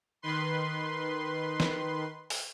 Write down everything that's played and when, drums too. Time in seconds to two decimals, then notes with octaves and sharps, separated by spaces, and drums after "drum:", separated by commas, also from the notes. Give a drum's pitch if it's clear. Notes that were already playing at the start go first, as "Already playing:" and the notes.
0.22 D#3 B4 C6
1.60 drum: snare
2.30 drum: open hi-hat